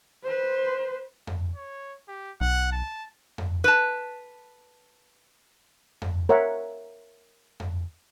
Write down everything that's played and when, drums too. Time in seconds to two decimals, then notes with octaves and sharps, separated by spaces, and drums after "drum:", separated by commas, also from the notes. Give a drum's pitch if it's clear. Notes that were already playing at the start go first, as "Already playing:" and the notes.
0.23 B4 C5
1.27 drum: tom F2
1.56 C#5
2.08 G4
2.41 B1 F#5
2.72 A5
3.38 drum: tom F2
3.64 B4 A5
6.02 drum: tom F2
6.29 A#4 C#5 E5 F#5
7.60 drum: tom F2